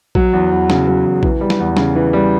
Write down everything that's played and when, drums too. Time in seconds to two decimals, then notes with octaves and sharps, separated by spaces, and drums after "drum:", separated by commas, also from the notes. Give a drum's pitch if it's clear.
0.15 F#3, drum: kick A#1
0.33 E2
0.51 E2
0.70 C#3, drum: snare
0.87 F#3
1.05 E2
1.23 E3, drum: kick A#1
1.41 G3
1.50 drum: snare
1.60 E2
1.77 C#3, drum: snare
1.95 E3
2.13 G3